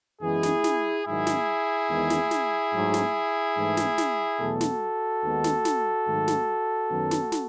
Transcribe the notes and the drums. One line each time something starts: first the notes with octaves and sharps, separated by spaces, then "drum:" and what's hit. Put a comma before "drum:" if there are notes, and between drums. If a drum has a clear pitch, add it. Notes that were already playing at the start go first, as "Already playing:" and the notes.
F#2 E3 G#3 B3 E4 G#4
drum: snare
drum: snare
G#2 D#3 F#3 E4 G#4
drum: snare
E2 D#3 G#3 B3
drum: snare
drum: snare
G#2 F#3 A3
drum: snare
G#2 E3 A3
drum: snare
drum: snare
E2 B2 F#3 A3 F#4 A4
drum: snare
D#2 D#3 G#3 B3
drum: snare
drum: snare
G#2 D#3 F#3 A3
drum: snare
F#2 D#3 F#3 B3
drum: snare
drum: snare